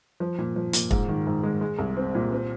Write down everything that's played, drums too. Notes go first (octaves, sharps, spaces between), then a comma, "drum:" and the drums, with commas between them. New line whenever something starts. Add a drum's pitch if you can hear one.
F3
A#2
F3
A#2, drum: hi-hat
G#2, drum: kick
D#3
G#2
G#3
G#3
C2
C4
A#2
C4